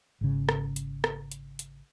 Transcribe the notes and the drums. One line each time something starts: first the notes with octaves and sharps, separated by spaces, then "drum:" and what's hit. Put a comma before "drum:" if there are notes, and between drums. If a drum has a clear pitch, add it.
G#1 C#3
drum: rim click
drum: hi-hat
drum: rim click
drum: hi-hat
drum: hi-hat